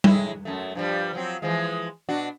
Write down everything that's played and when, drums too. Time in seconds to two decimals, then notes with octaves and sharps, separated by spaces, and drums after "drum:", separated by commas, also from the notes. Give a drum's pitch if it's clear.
0.04 A2 G#3 E4, drum: tom G3
0.45 F#2 A3
0.75 G2 F3 G3
1.13 F3 F#3 C4
1.42 E3 F3 G#3
2.09 B2 D4 F#4